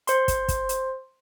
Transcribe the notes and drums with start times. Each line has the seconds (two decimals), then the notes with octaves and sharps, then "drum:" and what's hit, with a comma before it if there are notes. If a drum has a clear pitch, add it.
0.07 C5 C6, drum: hi-hat
0.28 drum: kick, hi-hat
0.48 drum: kick, hi-hat
0.69 drum: hi-hat